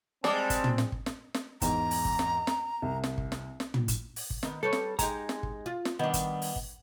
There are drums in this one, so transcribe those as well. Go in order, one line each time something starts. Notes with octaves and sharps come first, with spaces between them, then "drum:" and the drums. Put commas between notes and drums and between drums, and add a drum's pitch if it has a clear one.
G3 G#3 C4 G#4 D5 A5, drum: snare
drum: kick, hi-hat
drum: tom
drum: snare
drum: kick
drum: snare
drum: snare
E2 G#2 A#5, drum: kick, hi-hat
drum: open hi-hat
drum: kick
drum: snare
drum: snare
C2
drum: snare
drum: kick
drum: snare
drum: snare
drum: tom
drum: kick, hi-hat
drum: open hi-hat
drum: kick
D#3 B3, drum: snare
G3 A4 B4 C#5
drum: snare
G#3 D#4 G4 A#5, drum: kick, hi-hat
drum: snare
drum: kick
F4
drum: snare
D#3 G3 B3 D4
drum: kick, hi-hat
drum: open hi-hat
drum: kick